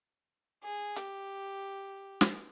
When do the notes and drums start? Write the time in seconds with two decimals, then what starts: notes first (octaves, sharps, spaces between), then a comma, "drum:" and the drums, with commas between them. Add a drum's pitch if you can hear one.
0.63 G#4
0.96 G4, drum: hi-hat
2.21 drum: snare